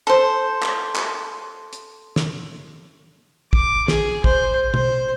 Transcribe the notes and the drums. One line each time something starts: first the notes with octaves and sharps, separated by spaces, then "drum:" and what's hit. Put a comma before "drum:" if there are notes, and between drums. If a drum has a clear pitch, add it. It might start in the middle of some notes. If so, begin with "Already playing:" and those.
A4 C5
drum: clap
drum: clap
drum: hi-hat
drum: snare
D6, drum: kick
G#4, drum: snare
C5, drum: kick
C5, drum: tom